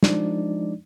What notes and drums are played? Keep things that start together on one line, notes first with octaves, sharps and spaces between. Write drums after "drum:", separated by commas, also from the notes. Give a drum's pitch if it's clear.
F3 G#3 D4 D#4 D5, drum: snare